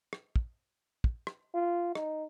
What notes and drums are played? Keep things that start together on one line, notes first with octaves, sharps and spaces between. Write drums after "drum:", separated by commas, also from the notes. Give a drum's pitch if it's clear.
drum: rim click
drum: kick
drum: kick
drum: rim click
F4
D#4, drum: rim click